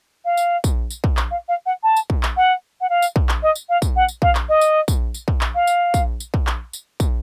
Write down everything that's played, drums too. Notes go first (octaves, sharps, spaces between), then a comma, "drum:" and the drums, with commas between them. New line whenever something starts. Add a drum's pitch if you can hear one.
F5
drum: tambourine
drum: kick, tambourine
drum: tambourine
drum: kick
drum: clap
F5
F5
F#5
A5
drum: tambourine
drum: kick
drum: clap
F#5
F#5
F5
drum: tambourine
drum: kick
drum: clap
D#5
drum: tambourine
F5
drum: kick, tambourine
F#5
drum: tambourine
F5, drum: kick
drum: clap
D#5
drum: tambourine
drum: kick, tambourine
drum: tambourine
drum: kick
drum: clap
F5
drum: tambourine
drum: kick, tambourine
drum: tambourine
drum: kick
drum: clap
drum: tambourine
drum: kick, tambourine